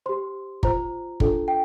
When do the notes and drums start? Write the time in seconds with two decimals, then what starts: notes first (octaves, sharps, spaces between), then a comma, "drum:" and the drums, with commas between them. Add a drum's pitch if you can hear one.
0.06 G4 C5 C6
0.63 F4 C5 A#5, drum: kick G1
1.20 D4 F4 A4, drum: kick G1
1.48 G5